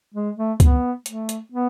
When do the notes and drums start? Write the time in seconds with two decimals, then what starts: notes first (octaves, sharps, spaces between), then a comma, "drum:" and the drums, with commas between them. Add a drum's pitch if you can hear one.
0.14 G#3
0.37 A3
0.60 B3, drum: kick C#2, hi-hat
1.06 A3, drum: hi-hat
1.29 drum: hi-hat
1.52 B3